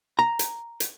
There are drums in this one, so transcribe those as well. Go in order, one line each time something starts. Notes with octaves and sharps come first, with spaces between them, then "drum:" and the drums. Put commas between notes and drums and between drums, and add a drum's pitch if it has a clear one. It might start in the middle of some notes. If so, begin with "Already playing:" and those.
A#5
drum: hi-hat
drum: hi-hat